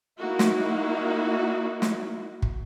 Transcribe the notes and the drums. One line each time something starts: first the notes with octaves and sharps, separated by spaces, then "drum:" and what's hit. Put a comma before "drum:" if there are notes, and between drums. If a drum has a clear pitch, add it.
A#3 D#4 E4 F#4
drum: snare
drum: snare
drum: kick